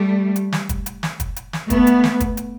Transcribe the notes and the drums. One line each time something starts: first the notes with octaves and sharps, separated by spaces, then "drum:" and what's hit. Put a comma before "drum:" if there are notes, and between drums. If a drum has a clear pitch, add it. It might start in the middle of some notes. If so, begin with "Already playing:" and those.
Already playing: G3 A3
drum: hi-hat
drum: snare
drum: kick, hi-hat
drum: hi-hat
drum: snare
drum: kick, hi-hat
drum: hi-hat
drum: snare
A3 B3, drum: kick, hi-hat
drum: hi-hat
drum: snare
drum: kick, hi-hat
drum: hi-hat